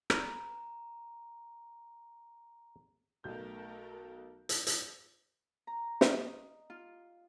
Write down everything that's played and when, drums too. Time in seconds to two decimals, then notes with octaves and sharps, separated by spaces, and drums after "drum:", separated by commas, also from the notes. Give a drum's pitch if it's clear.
0.10 B4 A#5, drum: rim click
3.24 B1 A3 A4 A#4 G6
4.49 drum: hi-hat
4.67 drum: hi-hat
5.67 A#5
6.01 D#5, drum: snare
6.70 F4